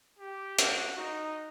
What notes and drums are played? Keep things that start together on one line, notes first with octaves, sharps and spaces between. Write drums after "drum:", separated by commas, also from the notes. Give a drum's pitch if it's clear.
G4
F#4, drum: hi-hat
D#4